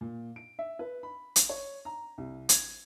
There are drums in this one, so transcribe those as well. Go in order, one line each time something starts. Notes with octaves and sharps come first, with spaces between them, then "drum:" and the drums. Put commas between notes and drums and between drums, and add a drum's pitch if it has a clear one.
A#2
D7
E5
B4
B5
drum: hi-hat
C#5
A#5
C2
G#6, drum: hi-hat